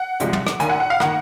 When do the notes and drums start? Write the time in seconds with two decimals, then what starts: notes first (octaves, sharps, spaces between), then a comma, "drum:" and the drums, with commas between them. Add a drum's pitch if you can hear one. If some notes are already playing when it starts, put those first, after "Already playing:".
Already playing: F#5
0.20 C2 C3 F3 G#3, drum: hi-hat
0.33 drum: tom
0.47 drum: rim click
0.60 F#2 D#3 A#3 G#5, drum: hi-hat
0.70 F#5
0.80 F#5
0.90 F5
1.00 D#3 A#3 F#5, drum: rim click